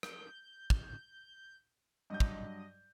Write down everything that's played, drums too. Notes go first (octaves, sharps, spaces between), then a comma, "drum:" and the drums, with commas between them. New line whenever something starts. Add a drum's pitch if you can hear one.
G6, drum: rim click
drum: kick
G2 F#3 D#5 G6
drum: kick